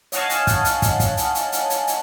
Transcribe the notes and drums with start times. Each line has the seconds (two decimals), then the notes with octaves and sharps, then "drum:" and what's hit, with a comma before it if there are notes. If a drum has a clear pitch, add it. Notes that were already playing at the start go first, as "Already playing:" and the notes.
0.12 C#5 D#5 F5 F#5 G#5 A5, drum: hi-hat
0.30 drum: hi-hat
0.47 drum: kick, hi-hat
0.65 drum: hi-hat
0.82 drum: kick, hi-hat
1.00 drum: kick, hi-hat
1.17 drum: hi-hat
1.35 drum: hi-hat
1.52 drum: hi-hat
1.70 drum: hi-hat
1.87 drum: hi-hat